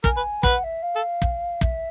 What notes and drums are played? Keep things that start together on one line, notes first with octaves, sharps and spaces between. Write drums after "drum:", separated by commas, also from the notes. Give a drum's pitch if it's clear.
A#4 G#5, drum: kick
B4
B4 F#5, drum: kick
E5
F5
A4
drum: kick
E5, drum: kick